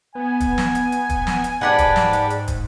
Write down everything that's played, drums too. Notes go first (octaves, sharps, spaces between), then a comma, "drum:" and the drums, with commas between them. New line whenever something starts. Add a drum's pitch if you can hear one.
B3 G#5
drum: kick, hi-hat
drum: snare
drum: hi-hat
drum: hi-hat
drum: kick, hi-hat
drum: snare
drum: hi-hat
G#2 D4 G4 G#4 B4 D5 F#5
drum: kick, hi-hat
drum: snare
drum: hi-hat
drum: hi-hat
drum: kick, hi-hat